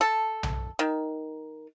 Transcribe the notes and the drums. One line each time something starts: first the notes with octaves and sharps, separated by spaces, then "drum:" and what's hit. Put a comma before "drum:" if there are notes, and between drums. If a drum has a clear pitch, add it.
A4
drum: tom B1
D#3